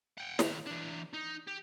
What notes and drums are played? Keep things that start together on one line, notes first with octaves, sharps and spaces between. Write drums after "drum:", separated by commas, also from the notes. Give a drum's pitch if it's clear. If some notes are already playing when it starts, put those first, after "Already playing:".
F#5 G5
D#2 A2, drum: snare
E3 D4
D#4
G4